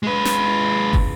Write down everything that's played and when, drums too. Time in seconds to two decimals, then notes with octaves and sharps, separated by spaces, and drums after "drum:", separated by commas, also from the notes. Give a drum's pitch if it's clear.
0.03 G#3 B4
0.25 drum: snare
0.93 drum: kick